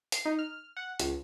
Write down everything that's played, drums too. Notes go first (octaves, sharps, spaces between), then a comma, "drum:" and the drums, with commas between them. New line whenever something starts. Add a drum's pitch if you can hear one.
C7, drum: hi-hat
D#4
F6
F#5
C#2, drum: hi-hat